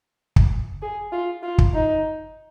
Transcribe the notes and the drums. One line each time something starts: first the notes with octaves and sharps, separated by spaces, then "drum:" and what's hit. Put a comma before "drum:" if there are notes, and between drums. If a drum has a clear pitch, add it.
drum: kick
G#4
F4
F4
drum: kick
D#4